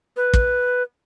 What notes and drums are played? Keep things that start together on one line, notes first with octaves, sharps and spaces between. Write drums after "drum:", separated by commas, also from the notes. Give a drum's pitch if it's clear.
B4
drum: kick